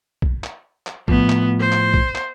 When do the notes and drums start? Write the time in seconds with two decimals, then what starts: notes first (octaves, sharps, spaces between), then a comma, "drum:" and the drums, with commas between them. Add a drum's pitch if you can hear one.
0.22 drum: kick
0.44 drum: clap
0.87 drum: clap
1.08 A2 F3 B3, drum: kick
1.29 drum: clap
1.60 C5
1.72 drum: clap
1.94 drum: kick
2.15 drum: clap